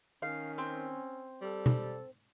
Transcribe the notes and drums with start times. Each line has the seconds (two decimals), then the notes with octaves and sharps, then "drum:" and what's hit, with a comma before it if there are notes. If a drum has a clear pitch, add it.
0.22 D#3 C#4 F5
0.58 C4
1.41 G3 A4
1.66 drum: tom B2